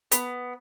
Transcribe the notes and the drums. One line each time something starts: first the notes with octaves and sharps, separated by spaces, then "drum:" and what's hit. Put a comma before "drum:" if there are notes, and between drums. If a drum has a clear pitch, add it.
B3, drum: hi-hat